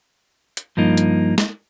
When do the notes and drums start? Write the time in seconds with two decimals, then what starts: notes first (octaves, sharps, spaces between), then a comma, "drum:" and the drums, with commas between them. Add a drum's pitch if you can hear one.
0.57 drum: hi-hat
0.77 G2 F3 A#3 D#4
0.97 drum: hi-hat
1.38 drum: snare